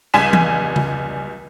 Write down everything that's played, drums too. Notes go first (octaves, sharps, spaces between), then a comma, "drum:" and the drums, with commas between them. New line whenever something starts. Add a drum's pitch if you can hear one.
C#2 G3 G#5 B6 E7
drum: tom E3
drum: tom C#3